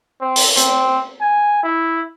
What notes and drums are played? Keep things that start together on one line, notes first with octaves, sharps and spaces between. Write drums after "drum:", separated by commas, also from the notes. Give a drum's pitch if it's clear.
C4
drum: open hi-hat
C4, drum: hi-hat
G#5
E4